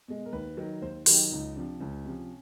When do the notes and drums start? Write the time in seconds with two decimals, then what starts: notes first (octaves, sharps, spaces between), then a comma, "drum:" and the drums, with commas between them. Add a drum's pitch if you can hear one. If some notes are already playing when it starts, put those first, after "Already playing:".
0.08 B2 G#3
0.26 A#4
0.33 D#2 B4
0.57 D#3 F#3
0.82 D#2 C5
1.06 D#3 F#3 G4, drum: open hi-hat
1.31 C#2 D#4
1.56 C3 F3 D4
1.80 C#2 C#4
2.05 C3 F3